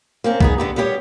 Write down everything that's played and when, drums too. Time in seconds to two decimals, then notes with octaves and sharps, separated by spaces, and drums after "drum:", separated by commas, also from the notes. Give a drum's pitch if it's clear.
0.24 A#3 C4 C#4
0.41 B3 D#4 G#4, drum: kick
0.58 D3 B3 G4
0.76 G3 B3 E4 G4 C#5